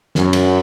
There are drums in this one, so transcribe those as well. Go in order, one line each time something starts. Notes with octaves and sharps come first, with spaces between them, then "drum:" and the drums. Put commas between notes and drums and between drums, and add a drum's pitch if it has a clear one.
F#2, drum: snare
drum: cymbal